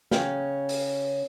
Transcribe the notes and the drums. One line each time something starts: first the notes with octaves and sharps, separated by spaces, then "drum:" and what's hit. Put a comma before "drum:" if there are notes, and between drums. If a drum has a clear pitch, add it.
C#3 C#4 G#4 F5 G5, drum: snare
drum: open hi-hat